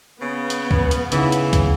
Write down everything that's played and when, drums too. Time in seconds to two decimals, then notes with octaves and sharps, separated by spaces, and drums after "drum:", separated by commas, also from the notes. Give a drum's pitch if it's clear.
0.21 C#3 B3
0.50 drum: hi-hat
0.71 drum: kick
0.91 drum: hi-hat
1.12 C#3 E3 D#4 E4 F#5, drum: hi-hat
1.32 drum: hi-hat
1.53 drum: kick, hi-hat